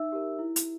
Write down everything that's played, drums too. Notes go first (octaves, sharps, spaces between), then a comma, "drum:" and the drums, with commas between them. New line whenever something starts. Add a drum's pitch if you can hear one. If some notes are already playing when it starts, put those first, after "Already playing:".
Already playing: D#4 E5 E6
G4 A#4
E4
drum: hi-hat